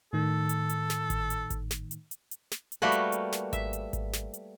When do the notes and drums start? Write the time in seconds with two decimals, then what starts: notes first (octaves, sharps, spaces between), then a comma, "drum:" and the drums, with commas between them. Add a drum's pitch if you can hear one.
0.13 A2 D#3 A4
0.49 drum: hi-hat
0.69 drum: hi-hat
0.90 drum: snare
1.10 drum: kick G#1, hi-hat
1.30 drum: hi-hat
1.50 drum: kick G#1, hi-hat
1.71 drum: snare
1.91 drum: hi-hat
2.11 drum: hi-hat
2.31 drum: hi-hat
2.52 drum: snare
2.72 drum: hi-hat
2.82 G3 A3 A#3 F#4 A#4 B4
2.92 drum: hi-hat
3.12 drum: hi-hat
3.32 drum: snare
3.53 E5, drum: kick G#1, hi-hat
3.73 drum: hi-hat
3.93 drum: kick G#1, hi-hat
4.13 drum: snare
4.34 drum: hi-hat